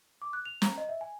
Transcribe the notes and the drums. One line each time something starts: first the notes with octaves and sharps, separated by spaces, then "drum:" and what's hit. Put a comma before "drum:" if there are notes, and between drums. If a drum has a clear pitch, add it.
D6
F#6
F7
A#5, drum: snare
D#5
E5
G#5